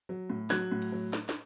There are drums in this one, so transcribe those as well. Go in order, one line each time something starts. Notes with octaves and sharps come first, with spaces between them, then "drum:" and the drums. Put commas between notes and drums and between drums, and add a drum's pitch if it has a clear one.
F#3
A2
F#3 F#6 G#6, drum: snare
A2
drum: cymbal
F#3
drum: snare
drum: snare